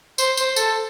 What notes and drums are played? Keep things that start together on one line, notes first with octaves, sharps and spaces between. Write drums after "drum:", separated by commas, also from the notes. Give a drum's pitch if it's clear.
C5, drum: tambourine
C5, drum: tambourine
A4, drum: tambourine